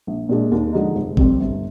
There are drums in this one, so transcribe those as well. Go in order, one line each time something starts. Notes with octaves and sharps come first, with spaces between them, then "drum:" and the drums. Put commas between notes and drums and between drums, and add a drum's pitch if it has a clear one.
A#1
A#2 G#3 D4 G#4
D#2
D3 F3 G#3 D#4
F1
F2 C3 G3 C4, drum: kick G#1
G1